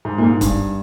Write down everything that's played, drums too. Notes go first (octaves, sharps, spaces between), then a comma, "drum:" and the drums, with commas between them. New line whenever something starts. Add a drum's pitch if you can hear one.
G#2
A#2
G#2
G2, drum: kick, hi-hat